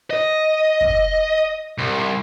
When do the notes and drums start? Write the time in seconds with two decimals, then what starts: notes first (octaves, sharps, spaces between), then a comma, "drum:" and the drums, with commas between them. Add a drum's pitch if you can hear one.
0.11 D#5
0.81 drum: kick
1.78 C2